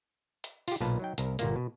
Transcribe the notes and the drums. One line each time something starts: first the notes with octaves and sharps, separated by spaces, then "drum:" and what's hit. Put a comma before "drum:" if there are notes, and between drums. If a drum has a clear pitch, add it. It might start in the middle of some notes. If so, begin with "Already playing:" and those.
drum: hi-hat
F4 G4, drum: open hi-hat
B1 A#2 B4 F5 A5
F#3 D#4 G5
C2 A#4, drum: hi-hat
G1 A#2 A#3, drum: hi-hat
B2